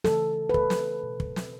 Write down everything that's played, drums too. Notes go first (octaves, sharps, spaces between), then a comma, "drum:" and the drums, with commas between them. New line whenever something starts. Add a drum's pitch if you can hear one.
C#3 E3 A3 A4, drum: snare
B4
A4, drum: kick
drum: snare
B2
drum: kick
drum: snare